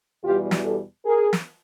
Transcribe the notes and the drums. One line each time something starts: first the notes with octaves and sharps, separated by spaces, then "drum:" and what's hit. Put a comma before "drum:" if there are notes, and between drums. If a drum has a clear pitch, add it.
E2 B2 G3 F4 G4
drum: snare
G4 A4
G#4 A#4
drum: snare